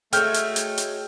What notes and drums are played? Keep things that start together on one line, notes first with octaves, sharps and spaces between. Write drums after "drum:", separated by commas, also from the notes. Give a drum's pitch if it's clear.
G#3 A3 F#4 C#5 G5 F6 G6, drum: hi-hat
drum: hi-hat
drum: hi-hat
drum: hi-hat